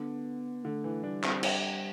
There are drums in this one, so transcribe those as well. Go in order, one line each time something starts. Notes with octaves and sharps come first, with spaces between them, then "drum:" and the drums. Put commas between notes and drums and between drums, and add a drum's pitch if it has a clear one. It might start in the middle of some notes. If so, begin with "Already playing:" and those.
Already playing: D3 B3
D3 A3
E3
G3 D4
C4, drum: clap
D4, drum: cymbal